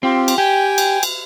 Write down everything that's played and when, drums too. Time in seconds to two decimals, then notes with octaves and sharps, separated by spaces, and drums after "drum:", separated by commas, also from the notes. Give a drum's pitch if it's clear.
0.03 C4 F4 G4
0.28 drum: cymbal
0.38 G4 G5 G#5
0.78 drum: cymbal
1.03 drum: cymbal